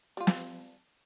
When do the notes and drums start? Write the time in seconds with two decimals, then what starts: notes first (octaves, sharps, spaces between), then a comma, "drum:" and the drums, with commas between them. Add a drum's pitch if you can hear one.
0.17 G3 F4
0.27 drum: snare